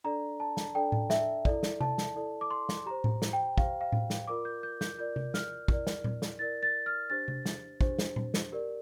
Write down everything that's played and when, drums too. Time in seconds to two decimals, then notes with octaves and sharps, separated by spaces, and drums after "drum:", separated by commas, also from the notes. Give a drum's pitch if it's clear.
0.04 D4 A4 D5 A#5
0.40 A5
0.57 drum: snare
0.75 D4 A4 D5 G5
0.92 drum: tom A2
1.10 E5, drum: snare
1.45 E4 A4 D5, drum: kick
1.63 drum: snare
1.81 A5, drum: tom C3
1.98 drum: snare
2.16 E4 A4 D5
2.41 D6
2.51 C6
2.69 drum: snare
2.86 G4 C5 A#5
3.04 drum: tom A2
3.22 drum: snare
3.33 G5
3.58 G4 C5 F5, drum: kick
3.81 F5
3.92 drum: tom A2
4.10 drum: snare
4.28 F4 A#4 D5 D6
4.45 G6
4.63 G6
4.81 G6, drum: snare
4.98 F4 A#4 D5 G6
5.16 drum: tom C3
5.34 F6, drum: snare
5.68 E4 A#4 D5, drum: kick
5.87 drum: snare
6.04 drum: tom A#2
6.22 drum: snare
6.39 E4 A#4 D5 A6
6.63 A6
6.86 F6
7.10 D4 G4 C5 A6
7.28 drum: tom C3
7.46 drum: snare
7.81 D4 G4 C5, drum: kick
7.99 drum: snare
8.16 drum: tom A#2
8.34 drum: snare
8.52 G4 A#4 D5